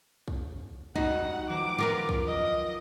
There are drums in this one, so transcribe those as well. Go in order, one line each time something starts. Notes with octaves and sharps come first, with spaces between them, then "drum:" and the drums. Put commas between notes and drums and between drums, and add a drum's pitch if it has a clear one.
drum: kick
G3 D#4 F#4 D#5 F#5, drum: kick
D#3 F3 F#3 D6
F4 A#4 B4
drum: kick
D#5